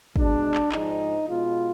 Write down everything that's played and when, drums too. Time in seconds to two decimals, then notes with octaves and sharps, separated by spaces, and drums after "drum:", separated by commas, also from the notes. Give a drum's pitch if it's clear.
0.16 B2 G#3 D4, drum: kick
0.54 drum: clap
0.72 G#2 F3 G#3 D#4, drum: clap
1.28 B2 G#3 F4